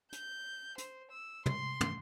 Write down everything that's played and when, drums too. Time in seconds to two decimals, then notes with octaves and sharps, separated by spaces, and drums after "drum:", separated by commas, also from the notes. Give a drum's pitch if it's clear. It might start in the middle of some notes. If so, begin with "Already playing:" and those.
0.12 G6, drum: hi-hat
0.78 C5, drum: hi-hat
1.11 E6
1.46 C6, drum: tom
1.81 drum: tom